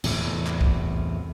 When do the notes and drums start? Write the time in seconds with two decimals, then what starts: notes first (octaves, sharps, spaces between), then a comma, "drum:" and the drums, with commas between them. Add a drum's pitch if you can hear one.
0.04 E2 A2 C3, drum: cymbal
0.47 drum: clap
0.61 drum: kick